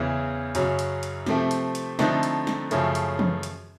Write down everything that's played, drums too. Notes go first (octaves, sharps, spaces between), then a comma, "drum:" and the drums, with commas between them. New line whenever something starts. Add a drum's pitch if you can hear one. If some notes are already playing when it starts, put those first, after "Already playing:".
Already playing: E2 C#3 E3
F#2 C#3 F#3, drum: hi-hat
drum: hi-hat
drum: hi-hat
C3 F3 A3 C4, drum: snare
drum: hi-hat
drum: hi-hat
D3 F3 A3 C4 D#4, drum: snare
drum: hi-hat
drum: snare
F#2 C#3 F3 A3, drum: hi-hat
drum: hi-hat
drum: tom
drum: hi-hat